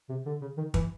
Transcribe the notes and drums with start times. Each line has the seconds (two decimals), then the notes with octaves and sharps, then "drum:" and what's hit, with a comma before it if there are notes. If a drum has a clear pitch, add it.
0.09 C3
0.26 D3
0.41 C#3
0.57 D#3
0.74 E3, drum: kick